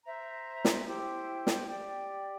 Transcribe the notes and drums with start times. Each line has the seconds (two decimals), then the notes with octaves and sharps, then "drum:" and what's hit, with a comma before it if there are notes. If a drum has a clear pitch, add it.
0.02 C5 E5 A#5
0.65 drum: snare
0.85 E4 G4 C5 G5
1.47 drum: snare
1.67 G4 D5 G5